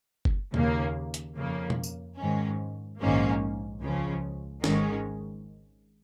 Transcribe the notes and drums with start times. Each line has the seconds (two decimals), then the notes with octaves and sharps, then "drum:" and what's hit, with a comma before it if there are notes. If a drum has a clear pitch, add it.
0.25 drum: kick F#1
0.54 D#2 C#3 A#3, drum: tom
1.14 drum: hi-hat
1.35 F2 C#3 A#3
1.70 drum: tom
1.83 drum: tambourine
2.17 G#2 D#3 C#4
3.00 A#1 G#2 D#3 A#3 C#4
3.82 C#2 C#3 F3 C#4
4.64 G#1 G#2 D#3 G#3 C#4, drum: snare